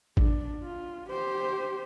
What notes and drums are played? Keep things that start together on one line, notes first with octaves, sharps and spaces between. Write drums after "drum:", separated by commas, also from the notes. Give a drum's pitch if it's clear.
D4, drum: kick
F4
G4 C5